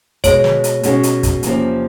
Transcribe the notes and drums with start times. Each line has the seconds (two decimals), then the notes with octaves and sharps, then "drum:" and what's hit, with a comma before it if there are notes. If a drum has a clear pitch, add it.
0.24 B2 G#3 B3 C#5, drum: kick, hi-hat
0.44 drum: snare
0.64 drum: hi-hat
0.83 B2 G#3 C#4 F#4, drum: hi-hat
1.03 drum: hi-hat
1.23 drum: kick, hi-hat
1.43 E2 C3 F3 A#3 C#4, drum: hi-hat